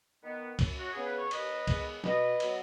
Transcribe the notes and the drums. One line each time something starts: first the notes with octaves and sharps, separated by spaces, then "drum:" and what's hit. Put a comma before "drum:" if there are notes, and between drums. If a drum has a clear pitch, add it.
D#3 B3
F#2, drum: kick C#2, cymbal
F#4
C#3 B3 G#4
B4
C#5
D#2 B4 D#5, drum: cymbal
D#3 G#3 B3, drum: kick C#2, cymbal
B2 B4 D#5, drum: snare
F#3 B3, drum: cymbal